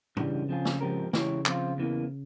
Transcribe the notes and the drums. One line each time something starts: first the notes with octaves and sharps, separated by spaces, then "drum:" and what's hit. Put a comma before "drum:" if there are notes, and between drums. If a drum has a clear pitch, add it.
G2 C#3 E3 G3, drum: tom
F3 C4 F4 G#4
drum: snare
G#2 F3 C4 G4 A#4
C#3 E3 G#3 E4 G4 C#5, drum: snare
F3 C4 F4, drum: clap
E2 E3 A#3